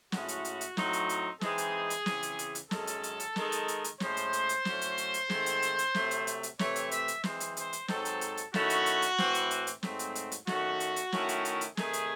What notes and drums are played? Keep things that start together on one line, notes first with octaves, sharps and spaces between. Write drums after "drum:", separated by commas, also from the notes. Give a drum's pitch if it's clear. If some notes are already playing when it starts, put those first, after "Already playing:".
A2 G#3 C#4 E4 F#4, drum: snare
drum: hi-hat
drum: hi-hat
drum: hi-hat
A2 F#3 C4 D#4, drum: snare
drum: hi-hat
drum: hi-hat
E3 G#3 C4 D#4 G#4, drum: snare
drum: hi-hat
drum: hi-hat
C#3 E3 C4, drum: snare
drum: hi-hat
drum: hi-hat
drum: hi-hat
F#2 D#3 G#3 C#4 A4, drum: snare
drum: hi-hat
drum: hi-hat
drum: hi-hat
D#3 G#3 D#4, drum: snare
drum: hi-hat
drum: hi-hat
drum: hi-hat
A2 G#3 C#4 C5, drum: snare
drum: hi-hat
drum: hi-hat
drum: hi-hat
A2 F#3 A3 C#4, drum: snare
drum: hi-hat
drum: hi-hat
drum: hi-hat
G#2 D#3 A3 C4, drum: snare
drum: hi-hat
drum: hi-hat
drum: hi-hat
C3 F#3 A3, drum: snare
drum: hi-hat
drum: hi-hat
drum: hi-hat
C3 E3 A3 C4 C#5, drum: snare
drum: hi-hat
E5, drum: hi-hat
drum: hi-hat
E3 G#3 C4 C5, drum: snare
drum: hi-hat
C5, drum: hi-hat
drum: hi-hat
G#2 F#3 C4 D#4 A4, drum: snare
drum: hi-hat
drum: hi-hat
drum: hi-hat
D#3 A3 C#4 E4 F#4, drum: snare
drum: hi-hat
drum: hi-hat
drum: hi-hat
A2 E3 C4 E4, drum: snare
drum: hi-hat
drum: hi-hat
drum: hi-hat
G#2 F#3 A3 C4, drum: snare
drum: hi-hat
drum: hi-hat
drum: hi-hat
D#3 A3 C#4 F#4, drum: snare
drum: hi-hat
drum: hi-hat
D#3 A3 C#4 E4, drum: snare
drum: hi-hat
drum: hi-hat
drum: hi-hat
C3 D#3 A3 G#4, drum: snare
drum: hi-hat